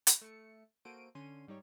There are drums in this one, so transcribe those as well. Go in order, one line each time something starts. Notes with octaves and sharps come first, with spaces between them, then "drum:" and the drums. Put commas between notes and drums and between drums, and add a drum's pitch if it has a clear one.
drum: hi-hat
A3 C#7
A#3 F#4 A4 C5 D7 D#7
D3 C#4 C6 D#7
G#2 G3 D#4 G4 C#5